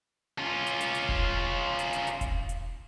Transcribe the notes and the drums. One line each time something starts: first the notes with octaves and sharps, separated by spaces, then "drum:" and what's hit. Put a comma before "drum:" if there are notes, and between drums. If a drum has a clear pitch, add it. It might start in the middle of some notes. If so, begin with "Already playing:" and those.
C#4 F4
drum: hi-hat
drum: hi-hat
drum: hi-hat
drum: kick E1
drum: hi-hat
drum: hi-hat
drum: hi-hat
drum: kick E1, hi-hat
drum: hi-hat